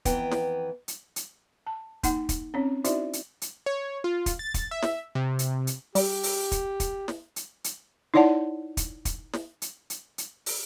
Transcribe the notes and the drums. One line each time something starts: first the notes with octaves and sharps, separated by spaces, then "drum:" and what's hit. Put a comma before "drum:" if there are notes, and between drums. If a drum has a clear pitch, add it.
F2 E3 B3 G5 A#5, drum: kick, hi-hat
drum: snare
drum: hi-hat
drum: hi-hat
A5
A#3 D#4 F#5, drum: kick, hi-hat
drum: kick, hi-hat
C4 C#4 C#5
D#4 E4 F#4 C5 D5 E5, drum: hi-hat
drum: hi-hat
drum: hi-hat
C#5
F4
drum: kick, hi-hat
A6
drum: kick, hi-hat
E5
drum: snare
C3
drum: hi-hat
drum: hi-hat
G3 G4, drum: open hi-hat
drum: open hi-hat
drum: kick, hi-hat
drum: kick, hi-hat
drum: snare
drum: hi-hat
drum: hi-hat
D#4 E4 C#5 D5 F#5 A5
drum: kick, hi-hat
drum: kick, hi-hat
drum: snare
drum: hi-hat
drum: hi-hat
drum: hi-hat
drum: open hi-hat